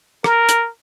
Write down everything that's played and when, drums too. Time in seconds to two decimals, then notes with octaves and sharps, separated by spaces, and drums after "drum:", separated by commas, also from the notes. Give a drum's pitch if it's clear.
0.24 A#4, drum: rim click
0.49 drum: hi-hat